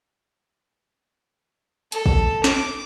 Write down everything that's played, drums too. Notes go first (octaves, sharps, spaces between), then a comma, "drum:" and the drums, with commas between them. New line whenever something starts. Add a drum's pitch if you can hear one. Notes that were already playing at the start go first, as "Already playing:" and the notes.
A4, drum: hi-hat
drum: kick A1
D6, drum: snare